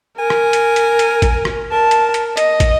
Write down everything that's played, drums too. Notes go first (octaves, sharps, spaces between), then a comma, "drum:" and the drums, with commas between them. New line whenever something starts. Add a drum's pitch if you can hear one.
A#4 G#5
drum: rim click
drum: hi-hat
drum: hi-hat
drum: hi-hat
drum: kick, hi-hat
drum: rim click
A#4 A5
drum: hi-hat
drum: hi-hat
D#5, drum: hi-hat
drum: kick, hi-hat